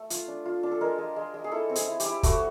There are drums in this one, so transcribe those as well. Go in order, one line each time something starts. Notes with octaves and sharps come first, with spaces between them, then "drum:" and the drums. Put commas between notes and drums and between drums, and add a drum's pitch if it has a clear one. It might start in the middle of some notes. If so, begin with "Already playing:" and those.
Already playing: A3 A4
F4, drum: hi-hat
D4
F4
D4
A4
G#3 A#4
G#3
G#3
G#3
G#4
E4 A4
C4
G#4, drum: hi-hat
E4
G4, drum: hi-hat
E4
A3 F#4, drum: kick, hi-hat